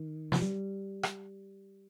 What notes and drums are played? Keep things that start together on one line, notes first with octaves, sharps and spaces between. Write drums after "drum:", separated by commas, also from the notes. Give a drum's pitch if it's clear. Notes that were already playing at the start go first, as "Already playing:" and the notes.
Already playing: D#3
F3, drum: snare
G3
drum: rim click